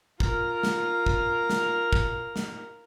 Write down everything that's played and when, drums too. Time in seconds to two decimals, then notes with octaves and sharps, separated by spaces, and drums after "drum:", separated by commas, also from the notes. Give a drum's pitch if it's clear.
0.20 F4 A#4, drum: kick
0.63 drum: snare
1.06 drum: kick
1.50 drum: snare
1.93 drum: kick
2.36 drum: snare